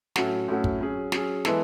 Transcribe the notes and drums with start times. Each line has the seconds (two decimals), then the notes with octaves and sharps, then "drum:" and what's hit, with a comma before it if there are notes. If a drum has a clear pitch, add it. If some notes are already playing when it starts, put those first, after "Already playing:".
0.16 A2 F#3 A3 C#4 F#4, drum: snare
0.48 A2 F#3 A3 C#4 F#4
0.64 drum: kick
0.80 F#3 C#4 G#4
1.12 F#3 C#4 G#4, drum: snare
1.45 E3 G#3 B3 E4 A4, drum: snare